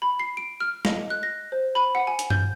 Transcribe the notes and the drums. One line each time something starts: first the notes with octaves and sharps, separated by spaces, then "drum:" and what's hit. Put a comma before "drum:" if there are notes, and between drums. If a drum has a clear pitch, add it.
B5
C7
D7
F6
D#5, drum: snare
F#6
A#6
C5
B5
F#5
G#5
drum: hi-hat
G6, drum: tom G2